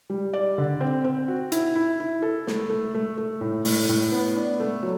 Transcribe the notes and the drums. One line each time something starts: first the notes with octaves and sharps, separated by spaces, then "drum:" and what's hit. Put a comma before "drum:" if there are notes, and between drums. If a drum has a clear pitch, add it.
G3
D5
D3
C4
C4
F#4
E4, drum: hi-hat
E4
E4
A4
A3, drum: snare
A3
A3
A3
A2
A2, drum: open hi-hat
A2
B3
D4
A3
F#3